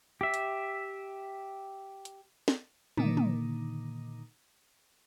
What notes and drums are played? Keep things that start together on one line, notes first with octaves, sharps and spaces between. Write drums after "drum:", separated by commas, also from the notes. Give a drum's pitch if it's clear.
G4 E5
drum: hi-hat
drum: hi-hat
drum: snare
A#2 D3 D#3 A#3 D#4, drum: tom
drum: tom